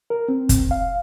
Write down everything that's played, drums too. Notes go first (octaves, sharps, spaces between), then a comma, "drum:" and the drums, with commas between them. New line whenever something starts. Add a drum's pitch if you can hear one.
A#4
C4
drum: kick, hi-hat
F5